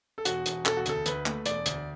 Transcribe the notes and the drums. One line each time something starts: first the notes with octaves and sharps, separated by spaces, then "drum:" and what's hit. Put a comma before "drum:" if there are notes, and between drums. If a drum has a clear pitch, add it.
A4
E1 F#4, drum: hi-hat
E1, drum: hi-hat
E1 A4, drum: clap
F#4
D2 A4, drum: hi-hat
D2 B4, drum: hi-hat
A3, drum: clap
E1 D5, drum: hi-hat
D2, drum: hi-hat